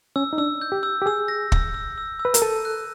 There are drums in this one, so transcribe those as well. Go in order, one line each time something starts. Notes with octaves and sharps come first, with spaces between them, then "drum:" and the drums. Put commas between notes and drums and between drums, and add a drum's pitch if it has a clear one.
C#4 E6
D#4
D4 E6
G6
G4
E6
G4
G#4 E6
A#6
E6, drum: kick
E6
E6
E6
B4
A#4, drum: hi-hat
A4 D#7
F#6